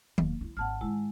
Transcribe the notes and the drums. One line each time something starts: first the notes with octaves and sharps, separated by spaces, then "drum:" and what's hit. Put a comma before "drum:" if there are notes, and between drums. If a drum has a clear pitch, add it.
E1 A#3, drum: tom D#3
D4 E4
G#1 C4 F#5 A5 F6
G#2 D#3 G#3 E4